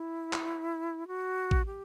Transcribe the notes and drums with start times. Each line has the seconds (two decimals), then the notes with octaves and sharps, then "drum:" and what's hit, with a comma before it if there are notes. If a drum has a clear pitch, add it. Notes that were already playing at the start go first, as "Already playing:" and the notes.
Already playing: E4
0.33 drum: clap
1.07 F#4
1.51 drum: kick
1.66 G4